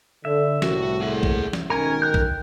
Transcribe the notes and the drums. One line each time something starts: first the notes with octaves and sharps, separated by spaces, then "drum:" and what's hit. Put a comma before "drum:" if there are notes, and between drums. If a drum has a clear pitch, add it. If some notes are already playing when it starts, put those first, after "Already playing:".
D3 E5
C2 A2 F#4, drum: snare
G#4 F#5
drum: kick
drum: snare
B1 G#2 D#3 C#4 A#4 G#5 A#5
G5 F#6 G6
drum: kick